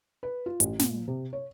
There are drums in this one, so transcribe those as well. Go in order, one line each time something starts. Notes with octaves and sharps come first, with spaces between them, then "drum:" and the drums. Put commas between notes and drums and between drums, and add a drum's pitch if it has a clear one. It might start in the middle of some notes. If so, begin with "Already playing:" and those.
B4
F4
A1, drum: hi-hat
A#2, drum: snare
C3
C#5